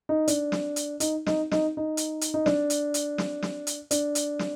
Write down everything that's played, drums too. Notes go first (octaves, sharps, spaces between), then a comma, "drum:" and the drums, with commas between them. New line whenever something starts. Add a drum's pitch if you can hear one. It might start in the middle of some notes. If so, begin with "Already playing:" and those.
D#4
D4, drum: hi-hat
drum: snare
drum: hi-hat
D#4, drum: hi-hat
D#4, drum: snare
D#4, drum: snare
D#4
drum: hi-hat
drum: hi-hat
D#4
D4, drum: snare
drum: hi-hat
drum: hi-hat
drum: snare
drum: snare
drum: hi-hat
D4, drum: hi-hat
drum: hi-hat
drum: snare